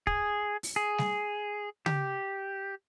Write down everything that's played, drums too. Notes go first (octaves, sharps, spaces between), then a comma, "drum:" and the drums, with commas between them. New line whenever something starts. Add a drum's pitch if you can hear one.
G#4, drum: kick
drum: open hi-hat
G#4
drum: snare
G4, drum: tom C#3